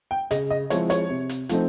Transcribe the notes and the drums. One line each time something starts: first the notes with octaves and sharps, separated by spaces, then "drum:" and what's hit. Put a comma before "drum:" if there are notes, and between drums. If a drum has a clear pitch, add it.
G5
C#3 D#5, drum: hi-hat
D#5
F3 G#3 C4 E4 C#5, drum: hi-hat
C#5, drum: hi-hat
C3
drum: hi-hat
F3 A3 C4 D#4, drum: hi-hat